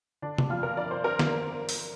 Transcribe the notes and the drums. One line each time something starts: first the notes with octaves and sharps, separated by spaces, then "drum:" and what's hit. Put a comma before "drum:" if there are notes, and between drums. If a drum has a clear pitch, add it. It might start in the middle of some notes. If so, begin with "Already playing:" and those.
D3 D4
drum: tom C3
F2 F4
A#4
G1 D5
C5
A#4
drum: snare
drum: open hi-hat